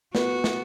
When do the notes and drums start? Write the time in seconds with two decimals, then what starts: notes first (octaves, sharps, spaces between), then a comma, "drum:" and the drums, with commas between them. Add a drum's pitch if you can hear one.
0.15 B3 F#4, drum: snare
0.44 drum: snare